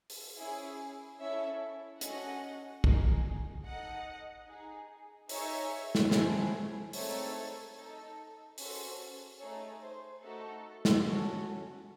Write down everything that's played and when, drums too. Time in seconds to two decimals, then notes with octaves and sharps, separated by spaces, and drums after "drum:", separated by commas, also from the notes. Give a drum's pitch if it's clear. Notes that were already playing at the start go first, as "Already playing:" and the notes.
0.10 drum: open hi-hat
0.37 C#4 E4 G#4
1.19 C#4 E4 A4 C#5 E5
2.01 C#4 F#4 A4 D#5 F#5, drum: hi-hat
2.84 D#4 G#4, drum: kick
3.65 D#4 A4 D#5 F#5
4.47 D#4 G#4
5.29 D#4 G#4 C#5 E5, drum: open hi-hat
5.95 drum: snare
6.11 A3 C4 E4 G#4, drum: snare
6.93 A3 C4 D#4 A4 C#5, drum: open hi-hat
7.75 D#4 A4
8.58 C#4 F#4 A4 C5, drum: open hi-hat
9.40 A3 D#4 G#4 A4 C#5
9.82 C5
10.22 A3 D#4 F#4 A4
10.85 drum: snare
11.05 C#4 F#4 A4